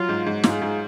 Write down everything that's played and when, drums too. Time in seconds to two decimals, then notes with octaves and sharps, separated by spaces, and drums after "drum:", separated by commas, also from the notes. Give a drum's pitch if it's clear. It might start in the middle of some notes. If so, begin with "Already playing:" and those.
Already playing: F#3 F4
0.09 G#2
0.26 G#2
0.44 G#2 F4 G#4, drum: snare
0.61 G#2